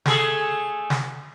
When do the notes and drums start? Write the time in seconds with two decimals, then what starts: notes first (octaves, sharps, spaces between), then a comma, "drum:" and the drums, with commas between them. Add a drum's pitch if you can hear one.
0.05 A3 G#4 A4, drum: snare
0.90 drum: snare